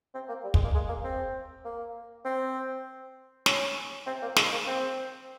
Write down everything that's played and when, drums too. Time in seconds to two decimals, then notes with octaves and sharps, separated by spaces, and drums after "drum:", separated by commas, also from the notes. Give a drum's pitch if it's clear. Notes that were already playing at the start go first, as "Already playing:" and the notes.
0.14 C4
0.29 A#3
0.44 G3
0.54 G#3, drum: kick
0.64 A#3
0.75 G#3
0.89 A#3
1.04 C4
1.65 A#3
2.25 C4
3.46 C#4, drum: snare
4.07 C4
4.22 A#3
4.36 G#3, drum: snare
4.52 A#3
4.67 C4